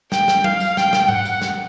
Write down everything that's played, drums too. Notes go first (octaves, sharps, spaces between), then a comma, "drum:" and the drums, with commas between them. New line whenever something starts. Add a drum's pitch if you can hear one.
G5, drum: snare
drum: snare
F5, drum: tom F#3
drum: tambourine
G5, drum: snare
drum: snare
F#5, drum: tom G#2
drum: tambourine
drum: snare